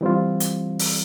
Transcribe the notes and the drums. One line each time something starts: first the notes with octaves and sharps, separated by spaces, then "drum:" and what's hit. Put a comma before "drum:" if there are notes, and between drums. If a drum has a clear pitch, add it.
E3 G3 C4 F4
drum: hi-hat
drum: open hi-hat